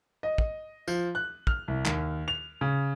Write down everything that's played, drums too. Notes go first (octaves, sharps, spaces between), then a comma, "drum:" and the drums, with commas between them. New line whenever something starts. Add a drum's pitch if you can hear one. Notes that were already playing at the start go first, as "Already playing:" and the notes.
D#5
drum: kick
F3, drum: tambourine
F#6
F6, drum: kick
C2
D#2, drum: clap
F7
C#3